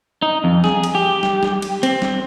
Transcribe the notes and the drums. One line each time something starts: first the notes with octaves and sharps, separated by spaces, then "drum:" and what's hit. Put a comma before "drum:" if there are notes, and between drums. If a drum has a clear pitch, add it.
D#4
F2
G#4, drum: snare
drum: cymbal
G4
drum: snare
drum: snare
drum: cymbal
C4, drum: cymbal
drum: snare